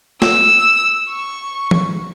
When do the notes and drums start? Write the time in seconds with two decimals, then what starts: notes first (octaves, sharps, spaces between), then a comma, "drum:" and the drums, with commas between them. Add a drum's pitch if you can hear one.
0.22 E6, drum: snare
1.09 C#6
1.71 drum: tom E3